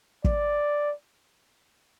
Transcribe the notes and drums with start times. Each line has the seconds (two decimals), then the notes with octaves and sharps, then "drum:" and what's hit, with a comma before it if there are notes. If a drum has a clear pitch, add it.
0.24 D5, drum: kick